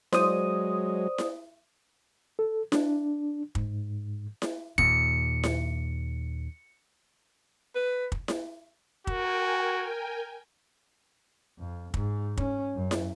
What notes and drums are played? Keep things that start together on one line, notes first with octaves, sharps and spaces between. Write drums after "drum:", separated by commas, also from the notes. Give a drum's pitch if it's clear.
F#3 G#3 C5 D5 D#6, drum: snare E4
drum: snare E4
A4
D4, drum: snare E4
G#2, drum: kick
drum: snare E4
D#2 A#2 C#7, drum: kick
drum: snare E4
B4
drum: kick
drum: snare E4
F#4 A#4 G5 G#5, drum: kick
F2
G#2, drum: kick
C#4, drum: kick
F#2
drum: snare E4